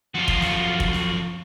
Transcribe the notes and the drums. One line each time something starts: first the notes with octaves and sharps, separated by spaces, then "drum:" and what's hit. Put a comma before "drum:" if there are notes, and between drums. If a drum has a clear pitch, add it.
F#2 F3 F4 F#4
drum: kick
drum: snare
drum: kick
drum: snare